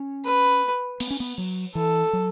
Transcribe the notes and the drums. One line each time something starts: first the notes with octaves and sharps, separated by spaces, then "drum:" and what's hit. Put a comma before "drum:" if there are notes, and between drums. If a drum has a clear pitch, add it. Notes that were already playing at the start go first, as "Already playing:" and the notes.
Already playing: C#4
B4
B3, drum: cymbal
C#4
B3
F#3
E3 A4
F#3